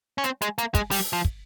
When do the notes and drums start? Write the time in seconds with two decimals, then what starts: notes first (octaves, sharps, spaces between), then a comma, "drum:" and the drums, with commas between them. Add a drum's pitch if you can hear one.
0.18 C#4
0.24 C4, drum: hi-hat
0.42 G#3, drum: hi-hat
0.58 A#3, drum: hi-hat
0.75 G#3, drum: kick, hi-hat
0.91 G3, drum: open hi-hat
1.13 F3
1.25 drum: kick